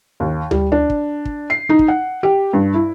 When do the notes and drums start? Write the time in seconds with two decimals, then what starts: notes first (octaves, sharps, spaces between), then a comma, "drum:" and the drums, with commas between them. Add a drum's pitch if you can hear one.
0.20 D#2
0.51 G3, drum: tom D2
0.72 D4
0.90 drum: kick
1.25 drum: kick
1.50 C7
1.69 D#4
1.79 drum: kick
1.88 F#5
2.23 G4
2.53 G2
2.74 E4